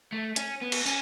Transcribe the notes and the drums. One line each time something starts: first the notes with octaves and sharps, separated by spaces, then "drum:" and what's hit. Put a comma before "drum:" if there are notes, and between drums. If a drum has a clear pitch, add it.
A3
C#4, drum: hi-hat
B3
drum: cymbal
C#4, drum: tambourine